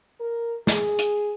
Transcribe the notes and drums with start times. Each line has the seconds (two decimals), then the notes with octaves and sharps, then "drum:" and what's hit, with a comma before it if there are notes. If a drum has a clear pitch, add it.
0.20 A#4
0.67 G#4, drum: snare
0.99 drum: hi-hat